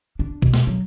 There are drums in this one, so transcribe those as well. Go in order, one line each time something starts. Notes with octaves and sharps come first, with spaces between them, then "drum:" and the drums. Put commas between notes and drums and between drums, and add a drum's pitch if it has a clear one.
D4
B2, drum: kick
drum: snare
F#3